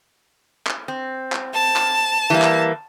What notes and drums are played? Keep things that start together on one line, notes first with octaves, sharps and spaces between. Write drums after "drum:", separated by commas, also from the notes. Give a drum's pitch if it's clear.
drum: clap
C4
drum: clap
A5
drum: clap
E3 G3 A#3
drum: clap